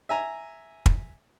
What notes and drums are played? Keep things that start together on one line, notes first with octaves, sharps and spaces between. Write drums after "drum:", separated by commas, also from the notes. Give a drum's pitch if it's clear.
E5 G#5 A#5
drum: kick